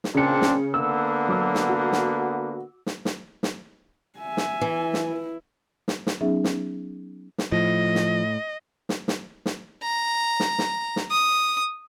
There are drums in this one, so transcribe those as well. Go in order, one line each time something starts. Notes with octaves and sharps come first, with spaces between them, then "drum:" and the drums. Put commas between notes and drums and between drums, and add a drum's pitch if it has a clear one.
drum: snare
A#2 C#3 C4 D4 C#7
drum: snare
D3 A#3 B3 E6
F#3 D6 E6
drum: snare
F#4
drum: snare
drum: snare
drum: snare
drum: snare
E5 G#5
drum: snare
E3
drum: snare
E4
drum: snare
drum: snare
F#3 B3 C#4 D#4 G#4 E5
drum: snare
drum: snare
A2 F3 D#5
drum: snare
drum: snare
drum: snare
drum: snare
A#5
drum: snare
drum: snare
drum: snare
D#6